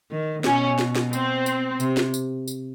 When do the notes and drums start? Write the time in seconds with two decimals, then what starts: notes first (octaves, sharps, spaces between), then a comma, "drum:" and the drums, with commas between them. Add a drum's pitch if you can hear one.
0.11 D#3
0.44 B2 C#4, drum: snare
0.79 drum: snare
0.95 drum: snare
1.13 C4, drum: tambourine
1.46 drum: tambourine
1.80 C3, drum: tambourine
1.97 drum: snare
2.14 drum: tambourine
2.48 drum: tambourine